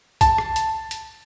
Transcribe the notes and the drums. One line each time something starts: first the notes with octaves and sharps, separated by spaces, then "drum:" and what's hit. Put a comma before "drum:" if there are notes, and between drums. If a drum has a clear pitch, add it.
A5, drum: kick B1, hi-hat
drum: rim click
drum: hi-hat
drum: hi-hat